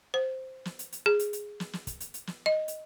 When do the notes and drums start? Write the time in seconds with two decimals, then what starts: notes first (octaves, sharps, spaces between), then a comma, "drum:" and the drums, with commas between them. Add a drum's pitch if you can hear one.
0.14 C5
0.65 drum: snare
0.79 drum: hi-hat
0.92 drum: hi-hat
1.06 G#4
1.19 drum: hi-hat
1.33 drum: hi-hat
1.60 drum: snare
1.73 drum: snare
1.87 drum: kick, hi-hat
2.00 drum: hi-hat
2.14 drum: hi-hat
2.27 drum: snare
2.46 D#5
2.68 drum: hi-hat